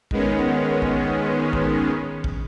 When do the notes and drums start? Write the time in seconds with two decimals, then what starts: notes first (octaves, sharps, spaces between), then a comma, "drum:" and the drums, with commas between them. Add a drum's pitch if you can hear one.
0.11 D#3 G#3 B3 C#4, drum: kick
0.82 drum: kick
1.53 drum: kick
2.24 drum: kick